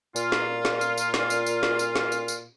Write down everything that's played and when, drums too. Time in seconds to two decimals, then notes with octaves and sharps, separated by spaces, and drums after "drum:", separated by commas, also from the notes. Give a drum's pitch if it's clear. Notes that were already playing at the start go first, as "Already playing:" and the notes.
0.16 A#2 F4, drum: tambourine
0.32 drum: snare
0.65 drum: snare
0.81 drum: tambourine
0.98 drum: tambourine
1.14 drum: snare
1.30 drum: tambourine
1.47 drum: tambourine
1.63 drum: snare
1.79 drum: tambourine
1.96 drum: snare
2.12 drum: tambourine
2.28 drum: tambourine